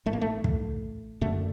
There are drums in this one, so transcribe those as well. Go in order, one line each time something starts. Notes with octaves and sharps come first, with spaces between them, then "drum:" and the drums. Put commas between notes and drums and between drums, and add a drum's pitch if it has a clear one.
A1 G#2 A3
A#3
A3
drum: kick
F#1 F#2 D3 A3